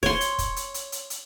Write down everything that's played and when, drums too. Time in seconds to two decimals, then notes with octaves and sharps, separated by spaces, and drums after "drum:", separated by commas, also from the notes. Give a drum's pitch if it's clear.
0.03 C#5 C6, drum: kick, open hi-hat
0.21 drum: hi-hat
0.38 drum: kick, hi-hat
0.56 drum: hi-hat
0.74 drum: hi-hat
0.92 drum: hi-hat
1.10 drum: hi-hat